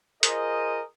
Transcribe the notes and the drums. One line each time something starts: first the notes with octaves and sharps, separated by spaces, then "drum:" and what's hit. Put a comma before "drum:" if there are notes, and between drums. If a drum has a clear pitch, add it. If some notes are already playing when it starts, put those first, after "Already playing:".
F4 G#4 A#4 C5 D#5, drum: hi-hat